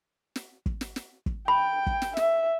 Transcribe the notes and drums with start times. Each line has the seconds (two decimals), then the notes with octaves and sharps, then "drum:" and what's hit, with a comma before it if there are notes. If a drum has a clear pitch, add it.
0.36 drum: snare
0.66 drum: kick
0.81 drum: snare
0.96 drum: snare
1.26 drum: kick
1.48 G5 B5
1.87 drum: kick
2.02 drum: snare
2.17 E5, drum: snare